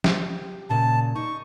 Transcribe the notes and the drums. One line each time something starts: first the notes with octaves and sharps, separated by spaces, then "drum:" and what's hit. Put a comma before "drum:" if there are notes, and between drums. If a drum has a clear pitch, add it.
G4, drum: snare
A#2 C#3 A5
D#4 C#6